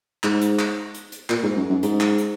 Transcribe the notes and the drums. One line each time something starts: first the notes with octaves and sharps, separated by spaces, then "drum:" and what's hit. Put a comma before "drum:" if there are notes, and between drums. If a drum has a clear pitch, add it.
G#2, drum: clap
drum: hi-hat
drum: clap
drum: hi-hat
drum: hi-hat
A#2, drum: clap
G#2
F#2
F#2
G#2, drum: hi-hat
drum: clap
drum: hi-hat